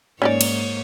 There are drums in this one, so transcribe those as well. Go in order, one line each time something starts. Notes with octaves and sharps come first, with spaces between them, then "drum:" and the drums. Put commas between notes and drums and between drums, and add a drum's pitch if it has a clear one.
G#2 A#3 C#4 D#4 C#5 D5
drum: cymbal